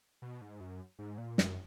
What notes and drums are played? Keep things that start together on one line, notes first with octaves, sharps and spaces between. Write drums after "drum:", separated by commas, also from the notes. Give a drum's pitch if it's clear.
B2
G#2
F#2
G#2
A#2
F#2, drum: snare